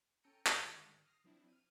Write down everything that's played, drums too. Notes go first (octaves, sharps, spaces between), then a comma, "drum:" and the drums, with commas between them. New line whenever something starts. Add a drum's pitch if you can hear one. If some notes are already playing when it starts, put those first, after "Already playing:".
C#4 A4 G5 A#5 C#7 D#7
G#2 D3 D#3 G3, drum: clap
D#6 F6 A#6 C7
F3 F#3 C4 D4 E4
F6 D#7